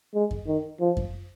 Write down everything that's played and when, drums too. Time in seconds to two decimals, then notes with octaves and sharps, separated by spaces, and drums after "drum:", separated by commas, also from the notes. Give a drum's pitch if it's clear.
0.14 G#3
0.31 drum: kick F#2
0.47 D#3
0.81 F3
0.97 drum: kick F#2